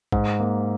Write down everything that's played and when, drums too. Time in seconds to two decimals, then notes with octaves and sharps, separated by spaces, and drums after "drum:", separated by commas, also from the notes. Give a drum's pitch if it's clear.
0.12 G#2, drum: kick A1
0.40 A#3